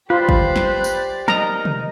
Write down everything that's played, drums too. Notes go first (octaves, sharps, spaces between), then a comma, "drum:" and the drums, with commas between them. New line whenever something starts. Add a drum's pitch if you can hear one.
F4 G4 B4 C5 D5
drum: kick
drum: snare
drum: tambourine
D#4 A#4 D#5 A#5, drum: snare
drum: tom